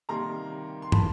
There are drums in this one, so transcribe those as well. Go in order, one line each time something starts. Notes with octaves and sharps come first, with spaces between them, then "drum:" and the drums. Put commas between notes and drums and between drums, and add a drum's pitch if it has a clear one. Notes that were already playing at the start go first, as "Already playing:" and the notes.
C3 D#3 G3 A#3 A#5 C6
C6
A5 B5, drum: tom